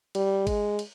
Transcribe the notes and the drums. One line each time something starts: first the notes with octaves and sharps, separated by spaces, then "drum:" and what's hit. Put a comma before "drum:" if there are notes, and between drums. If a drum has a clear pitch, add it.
G3, drum: cymbal
G#3, drum: kick, cymbal
drum: cymbal